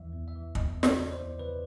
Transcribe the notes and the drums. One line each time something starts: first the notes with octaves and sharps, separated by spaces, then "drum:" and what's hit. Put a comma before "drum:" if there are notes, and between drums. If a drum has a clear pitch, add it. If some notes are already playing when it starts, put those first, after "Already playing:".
Already playing: E2 E3 E5
E2
E5
E3
E2 D#5, drum: kick
E2
D5, drum: snare
C#3
C5
E2
C#3 B4